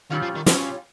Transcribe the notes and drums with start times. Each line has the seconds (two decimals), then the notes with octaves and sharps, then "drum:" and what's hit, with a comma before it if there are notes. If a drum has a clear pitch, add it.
0.10 A#2 D#3 G3 C#4 F4
0.22 F3
0.35 D#3
0.46 A#2 C#3 G3 C#4 F4, drum: snare